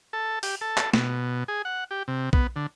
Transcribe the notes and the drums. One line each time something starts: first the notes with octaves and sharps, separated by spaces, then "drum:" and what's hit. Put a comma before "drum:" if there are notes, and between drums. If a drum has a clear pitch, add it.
A4
G4, drum: open hi-hat
A4
drum: clap
B2, drum: snare
G#4
F#5
G4
C3
B3, drum: kick
D3